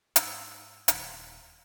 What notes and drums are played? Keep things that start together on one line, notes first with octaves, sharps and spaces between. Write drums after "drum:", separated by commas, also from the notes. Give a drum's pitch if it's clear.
G#2 D#6 E6, drum: hi-hat
D#1 D#2 B6, drum: hi-hat